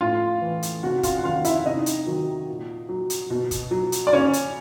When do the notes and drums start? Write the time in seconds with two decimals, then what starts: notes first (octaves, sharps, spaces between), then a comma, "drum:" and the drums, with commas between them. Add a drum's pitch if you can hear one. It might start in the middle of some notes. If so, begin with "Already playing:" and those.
0.01 A2 F4 F5
0.42 E3
0.63 drum: hi-hat
0.83 C3 F#4 F#5
1.03 F4 F5, drum: kick, hi-hat
1.17 F#5
1.24 D#3 F#3 F4 F5
1.45 E4 E5, drum: hi-hat
1.66 C3 D#4 D#5
1.86 drum: hi-hat
2.07 D#3 F#3
2.49 A#2
2.89 F#3
3.10 drum: hi-hat
3.30 B2
3.51 drum: kick, hi-hat
3.71 F#3
3.92 drum: hi-hat
4.07 D5
4.13 C#3 C#4 C#5
4.33 drum: hi-hat